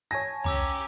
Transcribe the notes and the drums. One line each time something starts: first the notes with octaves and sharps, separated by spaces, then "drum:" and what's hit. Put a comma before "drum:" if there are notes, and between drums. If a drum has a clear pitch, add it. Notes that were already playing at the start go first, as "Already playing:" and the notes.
C#5 G#5 A5 A#6
C#4 G4 A#5 D6 E6, drum: tom